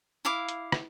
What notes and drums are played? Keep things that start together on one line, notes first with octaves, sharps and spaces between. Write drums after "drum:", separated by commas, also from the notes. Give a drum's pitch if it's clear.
E4 F5 D6
drum: hi-hat
drum: rim click